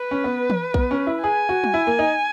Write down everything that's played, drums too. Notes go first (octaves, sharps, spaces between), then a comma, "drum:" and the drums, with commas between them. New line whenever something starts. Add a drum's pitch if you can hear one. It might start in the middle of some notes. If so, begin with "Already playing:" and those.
Already playing: B4
C#4
B3
drum: tom E3
B3, drum: kick A#1
C#4
E4
G#4 G#5
F#4
drum: tom
E4
A#3
D#4